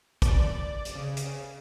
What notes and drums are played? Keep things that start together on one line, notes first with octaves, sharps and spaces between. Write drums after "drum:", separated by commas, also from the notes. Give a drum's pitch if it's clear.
D5, drum: kick, hi-hat
drum: hi-hat
C#3
drum: hi-hat